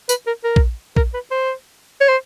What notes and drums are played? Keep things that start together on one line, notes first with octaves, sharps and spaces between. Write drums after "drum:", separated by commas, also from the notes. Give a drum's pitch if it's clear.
B4, drum: tambourine
A#4
A#4
drum: kick A#1
A#4, drum: kick A#1
B4
C5
C#5
C5